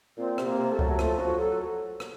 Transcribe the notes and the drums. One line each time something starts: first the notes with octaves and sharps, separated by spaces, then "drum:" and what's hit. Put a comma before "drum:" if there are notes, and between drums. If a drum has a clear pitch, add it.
A#2 C4
C3, drum: rim click
A#3
C3
A3
F#3, drum: kick C#2
F#3
F3 A3, drum: rim click
F3 F#4
F#3 A4
drum: rim click